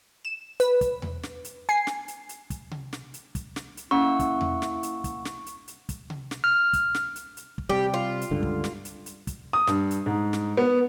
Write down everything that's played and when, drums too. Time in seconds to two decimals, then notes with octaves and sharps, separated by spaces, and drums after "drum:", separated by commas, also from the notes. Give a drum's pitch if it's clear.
0.25 E7
0.60 B4, drum: hi-hat
0.81 drum: kick, hi-hat
1.02 drum: tom E2
1.23 drum: snare
1.45 drum: hi-hat
1.69 G#5 C7
1.87 drum: snare
2.08 drum: hi-hat
2.29 drum: hi-hat
2.50 drum: kick, hi-hat
2.71 drum: tom C3
2.93 drum: snare
3.14 drum: hi-hat
3.35 drum: kick, hi-hat
3.56 drum: snare
3.77 drum: hi-hat
3.91 A#3 C#4 E4 F#5 C#6 E6
4.20 drum: kick, hi-hat
4.41 drum: tom E2
4.62 drum: snare
4.83 drum: hi-hat
5.04 drum: kick, hi-hat
5.25 drum: snare
5.46 drum: hi-hat
5.68 drum: hi-hat
5.89 drum: kick, hi-hat
6.10 drum: tom C3
6.31 drum: snare
6.44 F6
6.73 drum: kick, hi-hat
6.95 drum: snare
7.16 drum: hi-hat
7.37 drum: hi-hat
7.58 drum: kick
7.69 C3 G3 G4
7.94 F4
8.21 drum: hi-hat
8.31 C#2 G2 D3
8.43 drum: kick
8.64 drum: snare
8.85 drum: hi-hat
9.06 drum: hi-hat
9.27 drum: kick, hi-hat
9.53 D#6
9.67 G2, drum: snare
9.91 drum: hi-hat
10.06 G#2
10.33 drum: snare
10.57 B3